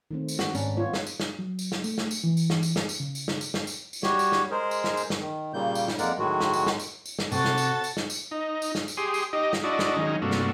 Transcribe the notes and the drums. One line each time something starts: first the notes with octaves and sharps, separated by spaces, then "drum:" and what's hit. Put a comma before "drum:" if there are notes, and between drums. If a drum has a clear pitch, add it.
D#3 A3 C4
drum: tambourine
F#4, drum: snare
G#2 B3 C#4 D4, drum: tambourine
B3 F4 C#5
drum: snare
drum: tambourine
drum: snare
F#3
drum: tambourine
drum: snare
A3, drum: tambourine
drum: snare
drum: tambourine
E3
drum: tambourine
drum: snare
drum: tambourine
drum: snare
drum: tambourine
C#3
drum: tambourine
drum: snare
drum: tambourine
drum: snare
drum: tambourine
drum: tambourine
G3 F#4 G4 C#5, drum: snare
drum: tambourine
drum: snare
G#3 G#4 A#4 C5
drum: tambourine
drum: snare
drum: tambourine
drum: snare
D#3
A#2 C#3 G3 A#3 G6
drum: tambourine
drum: snare
F2 G#3 A#3 A#4 D5 F#5, drum: tambourine
A2 D#3 F#3 G#3 F#4
drum: snare
drum: tambourine
drum: snare
drum: tambourine
drum: tambourine
drum: snare
C3 F#4 A4 A6, drum: tambourine
drum: snare
drum: tambourine
drum: tambourine
drum: snare
drum: tambourine
D#4
drum: tambourine
drum: snare
drum: tambourine
G4 G#4 C6 D#6
drum: tambourine
D#4 G4 D#5
drum: snare
D4 E4 F#4 D5 D#5
drum: snare
D#3 F#3 G#3 C#4 D#4
G2 C3 A3 A#3 D4 F#4
drum: snare